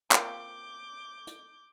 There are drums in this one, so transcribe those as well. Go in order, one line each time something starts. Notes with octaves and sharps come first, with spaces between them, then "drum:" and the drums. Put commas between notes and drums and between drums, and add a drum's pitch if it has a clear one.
A#3 C4 F4 D6 G6, drum: clap
drum: hi-hat